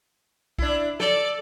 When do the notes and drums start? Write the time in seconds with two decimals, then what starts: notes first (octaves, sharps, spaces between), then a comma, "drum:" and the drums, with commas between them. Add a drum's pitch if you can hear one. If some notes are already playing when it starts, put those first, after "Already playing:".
0.59 D4 E4, drum: kick
1.00 A4 D5, drum: snare